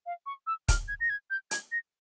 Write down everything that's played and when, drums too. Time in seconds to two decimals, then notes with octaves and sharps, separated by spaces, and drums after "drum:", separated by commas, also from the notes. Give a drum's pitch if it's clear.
0.06 F5
0.26 C#6
0.47 E6
0.68 F6, drum: kick, hi-hat
0.88 G#6
1.00 A#6
1.10 G#6
1.30 G6
1.51 G#6, drum: hi-hat
1.72 A#6